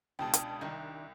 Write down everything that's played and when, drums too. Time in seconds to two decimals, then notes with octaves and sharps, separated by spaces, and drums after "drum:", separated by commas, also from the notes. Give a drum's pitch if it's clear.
0.19 C#2 B2 D4 G#4 G5 A5
0.34 drum: hi-hat
0.61 C2 D#3 D4